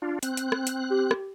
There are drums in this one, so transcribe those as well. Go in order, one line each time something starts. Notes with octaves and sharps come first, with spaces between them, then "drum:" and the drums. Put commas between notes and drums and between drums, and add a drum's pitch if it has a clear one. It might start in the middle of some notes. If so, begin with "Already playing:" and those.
D4 F4
C4 F#6, drum: hi-hat
drum: hi-hat
drum: rim click
drum: hi-hat
G4
drum: rim click